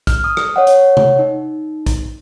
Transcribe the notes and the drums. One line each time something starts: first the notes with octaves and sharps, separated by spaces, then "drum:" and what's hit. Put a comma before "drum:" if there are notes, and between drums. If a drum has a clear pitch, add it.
F6, drum: kick, hi-hat
D#6
drum: rim click
C#5 D#5 F#5
drum: hi-hat
drum: tom C3
D#4
drum: kick, hi-hat